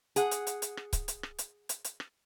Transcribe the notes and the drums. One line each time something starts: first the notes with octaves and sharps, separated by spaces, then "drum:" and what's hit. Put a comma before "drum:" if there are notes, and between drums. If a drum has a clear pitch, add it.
G#4 F#5, drum: hi-hat
drum: hi-hat
drum: hi-hat
drum: hi-hat
drum: rim click
drum: kick C#1, hi-hat
drum: hi-hat
drum: rim click
drum: hi-hat
drum: hi-hat
drum: hi-hat
drum: rim click